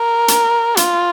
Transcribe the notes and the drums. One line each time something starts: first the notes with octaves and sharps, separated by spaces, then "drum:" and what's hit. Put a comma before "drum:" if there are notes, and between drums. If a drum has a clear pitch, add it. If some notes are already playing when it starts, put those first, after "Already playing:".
Already playing: A#4
drum: hi-hat
F4, drum: hi-hat